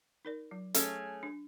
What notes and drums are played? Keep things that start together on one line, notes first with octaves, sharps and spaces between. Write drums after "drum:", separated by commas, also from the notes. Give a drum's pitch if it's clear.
D#4 A#4 D5
F#3
A3 C#4 G#4, drum: hi-hat
D4